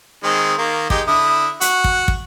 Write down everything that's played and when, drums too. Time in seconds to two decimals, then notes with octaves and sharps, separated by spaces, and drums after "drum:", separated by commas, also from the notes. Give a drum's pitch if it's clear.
0.23 D#3 G#3 C4
0.58 D#3 A#3
0.90 G#3 D#4 G4, drum: kick
1.07 D3 E4 D#6
1.61 F#4, drum: hi-hat
1.84 drum: kick
2.08 drum: kick